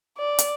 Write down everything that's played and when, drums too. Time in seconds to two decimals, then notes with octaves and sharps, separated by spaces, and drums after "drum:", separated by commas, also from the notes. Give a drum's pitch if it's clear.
0.18 D5
0.39 drum: hi-hat